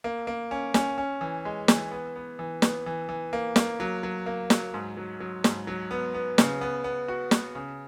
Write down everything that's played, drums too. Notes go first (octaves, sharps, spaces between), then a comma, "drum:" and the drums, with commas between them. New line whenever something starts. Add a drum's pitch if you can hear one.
A#3
A#3
C#4
C#4, drum: snare
C#4
E3
G#3
E3, drum: snare
B3
B3
E3
B3, drum: snare
E3
E3
A#3
A#3, drum: snare
F#3
F#3
A#3
F#3, drum: snare
G#2
F#3
F#3
G#2, drum: snare
F#3
B3
B3
C#3, drum: snare
B3
B3
F#4
B3, drum: snare
C#3